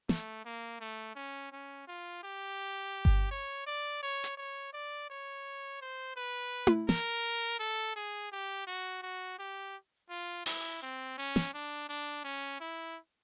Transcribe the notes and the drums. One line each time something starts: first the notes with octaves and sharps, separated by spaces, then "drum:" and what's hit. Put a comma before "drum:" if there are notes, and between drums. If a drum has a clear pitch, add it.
A3, drum: snare
A#3
A3
C#4
C#4
F4
G4
drum: kick G1
C#5
D5
C#5
drum: hi-hat
C#5
D5
C#5
C5
B4
drum: tom E4
A#4, drum: snare
A4
G#4
G4
F#4
F#4
G4
F4
E4, drum: open hi-hat
C4
C#4
drum: snare
D4
D4
C#4
E4